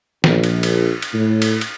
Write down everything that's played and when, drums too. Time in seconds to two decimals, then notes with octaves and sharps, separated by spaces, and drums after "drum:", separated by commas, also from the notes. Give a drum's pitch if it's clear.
0.24 A#1, drum: snare
0.44 drum: cymbal
0.63 drum: cymbal
1.02 drum: cymbal
1.14 A2
1.42 drum: cymbal
1.61 drum: cymbal